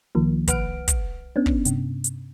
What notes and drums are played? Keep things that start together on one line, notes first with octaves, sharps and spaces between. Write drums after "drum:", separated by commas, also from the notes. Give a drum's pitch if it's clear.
C2 D#3 F3 A#3
B1 B4 F#5 F6 D7, drum: kick, hi-hat
drum: kick, hi-hat
B3 C#4 D4
drum: kick
G2 C3, drum: hi-hat
drum: hi-hat